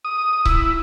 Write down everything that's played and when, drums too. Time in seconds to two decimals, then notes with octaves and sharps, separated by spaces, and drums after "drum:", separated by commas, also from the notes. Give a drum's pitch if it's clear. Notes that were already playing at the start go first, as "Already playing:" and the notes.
0.05 D#6
0.45 E4, drum: kick C#1